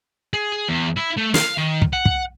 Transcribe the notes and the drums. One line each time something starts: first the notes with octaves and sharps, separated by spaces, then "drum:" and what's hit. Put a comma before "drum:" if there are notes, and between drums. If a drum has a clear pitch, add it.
G#4
E2
E4
A3
F5, drum: snare
D#3
drum: kick
F#5
drum: kick